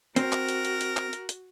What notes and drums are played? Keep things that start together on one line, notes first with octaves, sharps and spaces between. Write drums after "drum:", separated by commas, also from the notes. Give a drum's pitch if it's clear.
C4 F#4 A#4, drum: hi-hat
drum: clap
drum: hi-hat
drum: hi-hat
drum: hi-hat
drum: clap
drum: hi-hat
drum: hi-hat